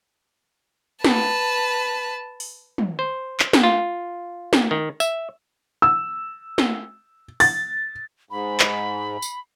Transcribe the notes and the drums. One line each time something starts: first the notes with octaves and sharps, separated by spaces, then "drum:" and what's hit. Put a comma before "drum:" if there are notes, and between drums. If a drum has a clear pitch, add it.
B4 A5, drum: snare
drum: open hi-hat
drum: tom
C5
drum: clap
drum: snare
F4
drum: snare
D#3
E5, drum: tambourine
E6
drum: snare
A6, drum: open hi-hat
G#2 B5
drum: clap
drum: tambourine